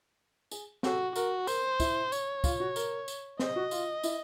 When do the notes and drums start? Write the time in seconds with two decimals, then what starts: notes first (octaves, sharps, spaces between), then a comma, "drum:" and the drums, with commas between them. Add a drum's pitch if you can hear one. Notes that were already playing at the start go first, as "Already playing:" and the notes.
0.51 G#4, drum: tambourine
0.83 F#4 A4, drum: snare
1.16 F#4 A#4, drum: tambourine
1.47 A#4 C5, drum: tambourine
1.80 E4, drum: kick, tambourine
2.12 C#5, drum: tambourine
2.44 F4, drum: kick, tambourine
2.60 F#4
2.76 A#4, drum: tambourine
3.08 drum: tambourine
3.39 C5 D#5, drum: snare
3.56 F#4
3.71 F4, drum: tambourine
4.03 E4, drum: tambourine